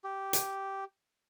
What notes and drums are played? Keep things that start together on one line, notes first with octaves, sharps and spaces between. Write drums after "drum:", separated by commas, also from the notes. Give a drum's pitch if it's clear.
G4
drum: hi-hat